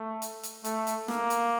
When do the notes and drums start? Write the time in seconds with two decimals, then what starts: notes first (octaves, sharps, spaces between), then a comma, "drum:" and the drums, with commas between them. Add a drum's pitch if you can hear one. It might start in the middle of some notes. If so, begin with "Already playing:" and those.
Already playing: A3
0.22 drum: hi-hat
0.43 drum: hi-hat
0.64 A3, drum: hi-hat
0.87 drum: hi-hat
1.08 A#3, drum: snare
1.30 drum: hi-hat